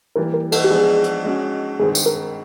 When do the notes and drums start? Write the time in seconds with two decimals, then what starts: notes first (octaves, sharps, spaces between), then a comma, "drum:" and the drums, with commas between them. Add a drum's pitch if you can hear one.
0.16 E3 G3 A#3 A#4
0.34 A#4
0.52 A4, drum: cymbal
0.64 G4
0.70 F3 G#3 B3 D4 G#4
1.04 drum: hi-hat
1.24 G#3 C#4 F#4
1.79 G2 D#3 G#3 C4 G#4
1.95 drum: tambourine
2.06 A#4